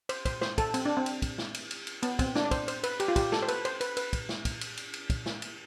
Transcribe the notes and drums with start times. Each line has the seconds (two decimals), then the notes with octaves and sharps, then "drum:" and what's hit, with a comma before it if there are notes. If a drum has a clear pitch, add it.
0.09 C5, drum: cymbal
0.25 C5, drum: kick, cymbal
0.41 C5, drum: snare
0.58 A4, drum: kick, cymbal
0.74 C4, drum: cymbal
0.85 D4
0.97 C4
1.06 drum: cymbal
1.22 drum: kick, cymbal
1.38 drum: snare
1.55 drum: cymbal
1.71 drum: cymbal
1.87 drum: cymbal
2.03 B3, drum: cymbal
2.19 C4, drum: kick, cymbal
2.35 D4, drum: snare
2.45 D5
2.51 C5, drum: kick, cymbal
2.68 C5, drum: cymbal
2.84 B4, drum: cymbal
3.00 G4, drum: cymbal
3.08 F4
3.16 G4, drum: kick, cymbal
3.32 A4, drum: snare
3.42 C5
3.48 B4, drum: cymbal
3.65 C5, drum: cymbal
3.81 B4, drum: cymbal
3.97 B4, drum: cymbal
4.13 drum: kick, cymbal
4.29 drum: snare
4.45 drum: kick, cymbal
4.61 drum: cymbal
4.77 drum: cymbal
4.94 drum: cymbal
5.10 drum: kick, cymbal
5.26 drum: snare
5.42 drum: cymbal